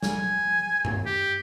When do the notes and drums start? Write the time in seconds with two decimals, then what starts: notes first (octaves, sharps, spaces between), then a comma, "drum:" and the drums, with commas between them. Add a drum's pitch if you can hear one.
0.03 G#5, drum: snare
0.85 drum: tom G2
1.06 G4